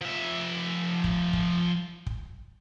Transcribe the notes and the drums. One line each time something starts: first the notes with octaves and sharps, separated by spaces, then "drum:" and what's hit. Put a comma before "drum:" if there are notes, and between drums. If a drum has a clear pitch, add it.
F3 E5
drum: kick
drum: kick
drum: kick